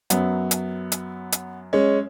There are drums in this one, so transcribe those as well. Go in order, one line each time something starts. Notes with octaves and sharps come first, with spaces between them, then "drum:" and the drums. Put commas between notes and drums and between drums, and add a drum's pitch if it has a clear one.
F#2 F#3 B3, drum: hi-hat
drum: hi-hat
drum: hi-hat
drum: hi-hat
G#3 C#4